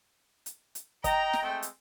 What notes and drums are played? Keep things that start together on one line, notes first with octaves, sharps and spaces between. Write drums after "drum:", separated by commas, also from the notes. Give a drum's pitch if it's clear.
drum: hi-hat
drum: hi-hat
D#5 G5 A#5, drum: kick, hi-hat
drum: snare
G#3 A3 C4
drum: hi-hat